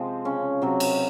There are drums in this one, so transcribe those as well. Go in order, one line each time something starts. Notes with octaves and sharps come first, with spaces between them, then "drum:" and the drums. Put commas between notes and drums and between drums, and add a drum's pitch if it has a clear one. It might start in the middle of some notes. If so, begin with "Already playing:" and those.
Already playing: C3 F3 G#3 C4
C#3 C#4
C3 F#3
drum: cymbal